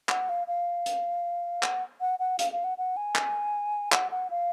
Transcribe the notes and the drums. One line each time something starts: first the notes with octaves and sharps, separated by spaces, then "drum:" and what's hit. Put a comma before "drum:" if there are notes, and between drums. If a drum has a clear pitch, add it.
F#5, drum: clap
F5
F5
drum: hi-hat
F#5, drum: clap
F#5
F#5
F5, drum: hi-hat
F5
F#5
F#5
G#5
drum: clap
F#5, drum: clap
F#5
F5